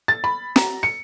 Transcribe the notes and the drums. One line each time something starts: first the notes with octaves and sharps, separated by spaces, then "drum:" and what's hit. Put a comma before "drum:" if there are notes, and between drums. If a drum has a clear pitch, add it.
A6
B5
A#5, drum: snare
C#7